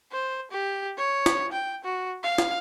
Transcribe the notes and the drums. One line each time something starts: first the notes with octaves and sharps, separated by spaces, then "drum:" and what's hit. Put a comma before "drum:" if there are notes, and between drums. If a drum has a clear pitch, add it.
C5
G4
C#5
drum: snare
G5
F#4
F5
drum: snare